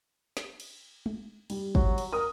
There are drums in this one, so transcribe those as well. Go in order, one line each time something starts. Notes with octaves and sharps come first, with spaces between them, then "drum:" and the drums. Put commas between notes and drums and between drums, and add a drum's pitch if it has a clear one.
drum: snare
drum: cymbal
drum: tom G#3
G3, drum: cymbal
F#3, drum: kick
drum: cymbal
A#4 D#6